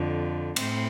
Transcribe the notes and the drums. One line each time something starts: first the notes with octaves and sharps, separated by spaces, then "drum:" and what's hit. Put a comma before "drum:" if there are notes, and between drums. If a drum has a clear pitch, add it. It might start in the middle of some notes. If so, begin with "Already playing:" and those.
Already playing: F2 D3
A2 C4, drum: cymbal